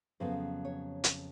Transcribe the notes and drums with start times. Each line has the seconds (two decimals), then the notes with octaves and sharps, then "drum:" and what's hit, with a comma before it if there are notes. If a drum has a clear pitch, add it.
0.20 F2 C#3 F#3 B3 C5
0.65 C#5
1.04 drum: hi-hat